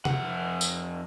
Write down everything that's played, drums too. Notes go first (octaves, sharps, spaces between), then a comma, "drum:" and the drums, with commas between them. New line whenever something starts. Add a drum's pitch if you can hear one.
F2 F#5, drum: tom C3
drum: tambourine